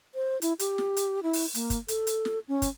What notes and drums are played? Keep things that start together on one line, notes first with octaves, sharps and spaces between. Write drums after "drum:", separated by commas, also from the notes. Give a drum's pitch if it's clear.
C5
E4, drum: hi-hat
G4, drum: hi-hat
drum: snare
drum: hi-hat
E4
drum: open hi-hat
A#3, drum: hi-hat
drum: kick, hi-hat
A4, drum: hi-hat
drum: hi-hat
drum: snare
C#4
drum: kick, hi-hat